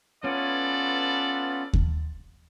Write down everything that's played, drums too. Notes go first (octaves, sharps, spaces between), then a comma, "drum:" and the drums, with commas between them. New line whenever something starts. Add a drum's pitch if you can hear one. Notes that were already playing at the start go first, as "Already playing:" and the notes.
B3 C#4 F4 A4 B4 D5
drum: kick D#2